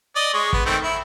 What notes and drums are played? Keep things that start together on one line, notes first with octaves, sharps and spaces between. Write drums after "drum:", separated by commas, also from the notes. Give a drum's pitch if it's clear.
D5 D#5
G#3 C#5
B3, drum: kick
D#3 A3 C4
E4